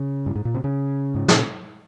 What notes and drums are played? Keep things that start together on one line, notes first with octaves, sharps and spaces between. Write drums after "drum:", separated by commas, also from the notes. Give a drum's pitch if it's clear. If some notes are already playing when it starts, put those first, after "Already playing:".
Already playing: C#3
G2
G#2
A#2
C3
C#3
G#2
A#2, drum: snare